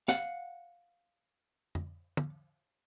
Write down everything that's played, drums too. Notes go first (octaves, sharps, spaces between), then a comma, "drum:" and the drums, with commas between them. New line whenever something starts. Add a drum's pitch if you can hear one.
F5 F#5, drum: snare
drum: tom F2
drum: tom